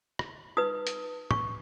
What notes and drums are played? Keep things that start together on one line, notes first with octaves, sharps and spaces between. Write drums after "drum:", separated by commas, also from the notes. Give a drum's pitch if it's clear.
drum: rim click
D#4 B4 D#6
drum: hi-hat
C#6, drum: tom